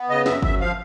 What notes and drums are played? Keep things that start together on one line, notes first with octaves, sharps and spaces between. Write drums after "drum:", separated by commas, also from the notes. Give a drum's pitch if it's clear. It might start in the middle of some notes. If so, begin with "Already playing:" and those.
Already playing: B3
C#3 D#5
F#2 E5, drum: snare
F#2 E5, drum: kick G1
F3 F5